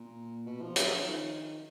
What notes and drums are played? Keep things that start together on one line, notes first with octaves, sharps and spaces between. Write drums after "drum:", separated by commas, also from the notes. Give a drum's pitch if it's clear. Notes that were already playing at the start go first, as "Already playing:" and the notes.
Already playing: A#2
B2
F3
F#3, drum: hi-hat
F3
D#3